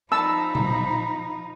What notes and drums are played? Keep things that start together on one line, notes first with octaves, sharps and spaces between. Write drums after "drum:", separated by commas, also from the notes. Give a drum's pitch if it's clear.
F3 D#4 A5 B5 E6
drum: tom A#2